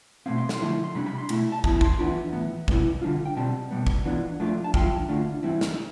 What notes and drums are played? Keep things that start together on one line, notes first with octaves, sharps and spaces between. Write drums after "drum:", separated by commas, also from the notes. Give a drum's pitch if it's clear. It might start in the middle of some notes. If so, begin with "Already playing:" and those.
B2 A3 C4 F5
C6
C6, drum: snare
D3 F3 A3 E4 C6
C6
C3 G3 D4 B5
B5
C6
B2 A3 E4 B5, drum: cymbal
A5
E3 B3 E4 A5, drum: kick
C6, drum: kick
E3 B3 D4 F4 B5
A2 E3 B3
B2 G3 B3 E4, drum: kick
D3 G3 D4 F4
G5
B2 G3 C4 A5
B2 G3 B3
drum: kick
E3 B3 D4 F4
F3 A3 D4 F4
A5
E3 G3 D4 F4 G5, drum: kick
D3 A3 D4 F4
E3 G3 C4 E4
drum: snare